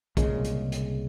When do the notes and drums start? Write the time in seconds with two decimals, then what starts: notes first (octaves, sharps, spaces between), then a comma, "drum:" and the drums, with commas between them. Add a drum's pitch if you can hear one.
0.17 C2 A#2 C#3 G#3, drum: kick, hi-hat
0.45 drum: hi-hat
0.72 drum: hi-hat